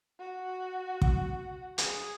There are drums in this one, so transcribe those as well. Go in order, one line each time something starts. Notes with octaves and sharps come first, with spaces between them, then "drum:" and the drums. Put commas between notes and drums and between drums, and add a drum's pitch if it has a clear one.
F#4
drum: kick
G#4, drum: hi-hat